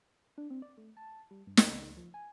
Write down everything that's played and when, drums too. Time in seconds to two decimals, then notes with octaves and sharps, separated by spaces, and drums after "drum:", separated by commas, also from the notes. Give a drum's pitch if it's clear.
0.38 D4
0.50 C4
0.62 D5
0.77 A3
0.97 A5
1.31 G3
1.47 G2
1.57 drum: snare
1.70 C#3
1.97 F3
2.14 G#5